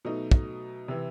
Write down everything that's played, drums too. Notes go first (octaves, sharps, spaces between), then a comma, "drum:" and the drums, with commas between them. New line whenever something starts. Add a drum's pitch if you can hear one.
B2 F#3 A3 D#4
drum: kick
C3 E3